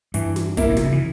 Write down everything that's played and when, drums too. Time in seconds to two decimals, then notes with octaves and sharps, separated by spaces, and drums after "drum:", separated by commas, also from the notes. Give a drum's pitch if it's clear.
0.14 G2 E3 G3, drum: hi-hat
0.36 drum: snare
0.57 A#3 E4, drum: kick, hi-hat
0.69 A#2
0.77 C3, drum: snare
0.84 C#3
0.92 E3